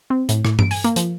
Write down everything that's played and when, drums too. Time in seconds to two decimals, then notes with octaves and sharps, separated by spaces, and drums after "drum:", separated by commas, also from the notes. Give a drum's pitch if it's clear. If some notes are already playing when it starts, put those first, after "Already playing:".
0.10 C4
0.29 A2, drum: hi-hat
0.45 A2, drum: rim click
0.59 D7, drum: tom G2
0.71 G#5, drum: open hi-hat
0.84 A#3, drum: hi-hat
0.96 F3, drum: hi-hat